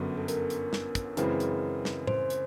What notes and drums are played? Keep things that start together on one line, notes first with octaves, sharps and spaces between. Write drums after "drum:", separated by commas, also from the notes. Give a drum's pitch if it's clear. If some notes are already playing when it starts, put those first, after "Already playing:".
Already playing: G1 F#2 D3 F#3 B3
A4
A#4, drum: hi-hat
drum: hi-hat
drum: snare
drum: kick, hi-hat
F#2 C#3 E3 G#3 C4 B4, drum: hi-hat
drum: hi-hat
drum: snare
C5, drum: tom A2
drum: hi-hat